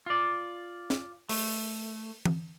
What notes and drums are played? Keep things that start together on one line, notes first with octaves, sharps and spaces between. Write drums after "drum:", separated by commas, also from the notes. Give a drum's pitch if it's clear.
F4 D5
drum: snare
A3, drum: open hi-hat
drum: tom E3